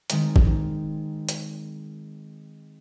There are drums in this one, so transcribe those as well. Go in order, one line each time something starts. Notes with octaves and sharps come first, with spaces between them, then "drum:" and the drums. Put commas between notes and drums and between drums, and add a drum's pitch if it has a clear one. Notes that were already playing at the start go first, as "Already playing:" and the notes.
D#3 G#3 C4, drum: hi-hat
drum: kick
drum: hi-hat